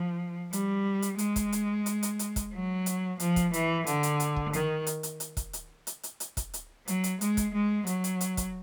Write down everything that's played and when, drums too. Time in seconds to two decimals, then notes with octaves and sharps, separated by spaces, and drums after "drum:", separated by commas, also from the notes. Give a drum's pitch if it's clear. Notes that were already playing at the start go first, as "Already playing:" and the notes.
Already playing: F3
0.53 G3, drum: hi-hat
1.02 drum: hi-hat
1.18 G#3, drum: hi-hat
1.36 drum: kick, hi-hat
1.52 drum: hi-hat
1.86 drum: hi-hat
2.03 drum: hi-hat
2.19 drum: hi-hat
2.36 drum: kick, hi-hat
2.53 F#3
2.86 drum: hi-hat
3.20 F3, drum: hi-hat
3.36 drum: kick, hi-hat
3.53 E3, drum: hi-hat
3.87 D3, drum: hi-hat
4.03 drum: hi-hat
4.20 drum: hi-hat
4.36 drum: kick
4.53 D#3, drum: hi-hat
4.87 drum: hi-hat
5.03 drum: hi-hat
5.20 drum: hi-hat
5.37 drum: kick, hi-hat
5.53 drum: hi-hat
5.87 drum: hi-hat
6.03 drum: hi-hat
6.20 drum: hi-hat
6.37 drum: kick, hi-hat
6.54 drum: hi-hat
6.88 F#3, drum: hi-hat
7.04 drum: hi-hat
7.21 G#3, drum: hi-hat
7.37 drum: kick, hi-hat
7.54 G#3
7.87 F#3, drum: hi-hat
8.04 drum: hi-hat
8.21 drum: hi-hat
8.37 drum: kick, hi-hat